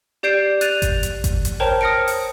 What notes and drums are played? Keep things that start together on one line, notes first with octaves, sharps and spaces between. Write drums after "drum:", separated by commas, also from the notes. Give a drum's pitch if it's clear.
G4 D5 G6 C7 D7 E7
F#6 A6 D#7 F7, drum: hi-hat
drum: kick G#1, hi-hat
drum: hi-hat
drum: kick G#1, hi-hat
drum: hi-hat
A#4 C5 C#5 G5 A5 A#5
D#6 F6 A#6 C#7 D7
drum: open hi-hat